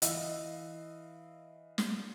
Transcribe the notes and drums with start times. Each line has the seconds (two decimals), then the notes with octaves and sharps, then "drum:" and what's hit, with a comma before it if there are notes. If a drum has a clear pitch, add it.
0.02 E3 D#5 F5 E6, drum: hi-hat
1.78 drum: snare